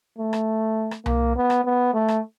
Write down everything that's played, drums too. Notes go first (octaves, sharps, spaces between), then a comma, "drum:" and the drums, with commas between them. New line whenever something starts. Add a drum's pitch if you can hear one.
A3
drum: rim click
drum: rim click
A#3, drum: tom C2
B3
drum: rim click
B3
A3
drum: rim click